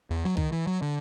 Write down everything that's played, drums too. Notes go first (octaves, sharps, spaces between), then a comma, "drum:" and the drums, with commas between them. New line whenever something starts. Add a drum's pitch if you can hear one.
E2
F#3
D#3, drum: kick C2
E3
F#3
D3